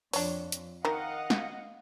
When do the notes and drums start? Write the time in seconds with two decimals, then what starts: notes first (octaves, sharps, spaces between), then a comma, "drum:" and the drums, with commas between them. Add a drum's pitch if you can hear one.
0.13 F2 D4 C#5, drum: open hi-hat
0.52 drum: hi-hat
0.85 D#3 A#4 D#5 F5 F#5
1.30 drum: snare